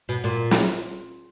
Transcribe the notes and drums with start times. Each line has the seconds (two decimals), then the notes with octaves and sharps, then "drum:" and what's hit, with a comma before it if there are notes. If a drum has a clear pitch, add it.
0.09 B2
0.24 A#2
0.51 drum: snare